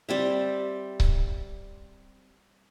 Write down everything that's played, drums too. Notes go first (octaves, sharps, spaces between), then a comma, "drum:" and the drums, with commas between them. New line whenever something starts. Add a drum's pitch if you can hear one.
G3 C4 E5
drum: kick C#1